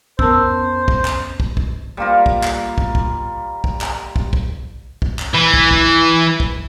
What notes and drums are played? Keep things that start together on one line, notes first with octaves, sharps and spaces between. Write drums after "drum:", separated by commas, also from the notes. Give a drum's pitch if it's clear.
F2 B3 C#4 A#4 C5 A5 E6, drum: kick
drum: kick
drum: clap
drum: kick
drum: kick
G3 A#3 F4 A#4
drum: kick
drum: clap
drum: kick
drum: kick
drum: kick
drum: clap
drum: kick
drum: kick
drum: kick
drum: clap
E3
drum: kick
drum: kick
drum: kick